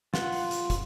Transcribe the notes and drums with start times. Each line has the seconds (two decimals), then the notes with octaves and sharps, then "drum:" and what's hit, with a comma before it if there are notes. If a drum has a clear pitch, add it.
0.14 F4 F#5, drum: snare
0.32 drum: open hi-hat
0.51 drum: hi-hat
0.70 drum: kick, hi-hat